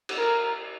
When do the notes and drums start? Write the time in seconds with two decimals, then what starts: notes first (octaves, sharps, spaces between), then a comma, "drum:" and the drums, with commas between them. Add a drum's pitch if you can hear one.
0.09 drum: cymbal
0.18 A#4